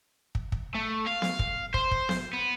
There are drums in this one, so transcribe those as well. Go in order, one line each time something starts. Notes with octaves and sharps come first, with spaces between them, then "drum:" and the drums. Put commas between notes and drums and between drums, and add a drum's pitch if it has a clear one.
drum: kick
drum: kick
A3
F5
drum: snare B3
drum: kick
C5, drum: kick
drum: kick
drum: snare B3
B3